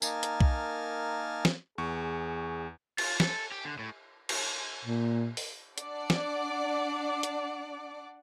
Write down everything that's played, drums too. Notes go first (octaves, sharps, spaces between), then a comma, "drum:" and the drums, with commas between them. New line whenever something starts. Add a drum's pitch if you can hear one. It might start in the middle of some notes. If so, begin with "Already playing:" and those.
A#3 D#4 A#4 G#5 A5 F6, drum: tambourine
drum: hi-hat
drum: kick B1
drum: snare
E2 G#4 C#6
F4, drum: cymbal
A4, drum: snare
G4
D3
A2
drum: cymbal
A#2
drum: open hi-hat
D4 D5 F#5 D6, drum: hi-hat
drum: snare
drum: hi-hat